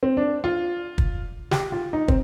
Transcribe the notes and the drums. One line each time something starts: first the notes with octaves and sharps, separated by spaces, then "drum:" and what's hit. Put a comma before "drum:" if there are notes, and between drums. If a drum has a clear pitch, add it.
C4
D4
F4
drum: kick
G4, drum: snare
F4
D#4
C4, drum: kick